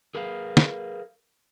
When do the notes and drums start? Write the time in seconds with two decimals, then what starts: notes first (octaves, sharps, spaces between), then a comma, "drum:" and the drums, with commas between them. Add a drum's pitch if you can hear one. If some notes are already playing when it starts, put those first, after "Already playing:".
0.15 G#4 A#4 B4 F5
0.57 drum: snare